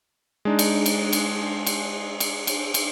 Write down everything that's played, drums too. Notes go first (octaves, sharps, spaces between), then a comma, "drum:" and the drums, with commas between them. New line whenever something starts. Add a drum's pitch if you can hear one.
G#3 D4 D#4
drum: cymbal
drum: cymbal
drum: cymbal
drum: cymbal
drum: cymbal
drum: cymbal
drum: cymbal